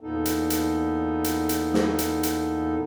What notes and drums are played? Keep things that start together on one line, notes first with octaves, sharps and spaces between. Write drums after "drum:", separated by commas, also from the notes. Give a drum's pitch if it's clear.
E2 A#2 B3 D#4 A4
drum: hi-hat
drum: hi-hat
drum: hi-hat
drum: hi-hat
drum: snare
drum: hi-hat
drum: hi-hat